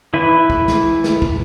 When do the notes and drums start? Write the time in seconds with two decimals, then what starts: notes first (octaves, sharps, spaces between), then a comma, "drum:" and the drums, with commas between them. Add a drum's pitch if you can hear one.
0.14 E3 E4 B4
0.50 drum: kick
0.68 drum: snare
1.04 drum: snare
1.22 drum: kick